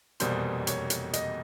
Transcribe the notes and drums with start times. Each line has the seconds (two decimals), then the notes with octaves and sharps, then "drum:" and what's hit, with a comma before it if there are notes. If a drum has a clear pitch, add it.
0.20 F1 E2 B2 G3 A#3 C5, drum: hi-hat
0.67 C#5, drum: hi-hat
0.90 drum: hi-hat
1.13 D#5, drum: hi-hat